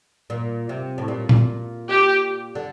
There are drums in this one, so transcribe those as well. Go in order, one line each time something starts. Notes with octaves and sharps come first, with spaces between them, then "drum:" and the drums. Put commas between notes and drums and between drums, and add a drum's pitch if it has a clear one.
A#2
C3
A2
A#2
drum: tom A#2
G4
D3